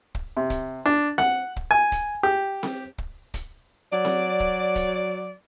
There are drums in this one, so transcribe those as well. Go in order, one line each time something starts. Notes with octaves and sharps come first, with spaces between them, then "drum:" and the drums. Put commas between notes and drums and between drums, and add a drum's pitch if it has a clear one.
drum: kick
C3
drum: kick, hi-hat
D4
F#5, drum: snare C4
drum: kick
G#5
drum: kick, hi-hat
G4
drum: snare C4
drum: kick
drum: kick, hi-hat
F#3 D5
drum: snare C4
drum: kick
drum: kick, hi-hat